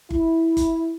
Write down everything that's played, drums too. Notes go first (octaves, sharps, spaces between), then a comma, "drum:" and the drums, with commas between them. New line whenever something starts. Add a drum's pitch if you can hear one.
E4, drum: kick G1
drum: kick G1, hi-hat